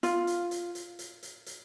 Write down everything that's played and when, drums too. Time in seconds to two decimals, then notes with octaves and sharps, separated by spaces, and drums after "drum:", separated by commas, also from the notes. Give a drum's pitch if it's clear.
0.03 F4, drum: hi-hat
0.27 drum: hi-hat
0.51 drum: hi-hat
0.75 drum: hi-hat
0.99 drum: hi-hat
1.23 drum: hi-hat
1.46 drum: hi-hat